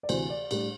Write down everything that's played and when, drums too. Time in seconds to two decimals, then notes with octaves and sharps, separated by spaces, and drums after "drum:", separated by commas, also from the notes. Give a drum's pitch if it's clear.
0.03 D5
0.09 D2 C3 E3 C5, drum: cymbal
0.30 D5
0.51 A2 G3 D4, drum: cymbal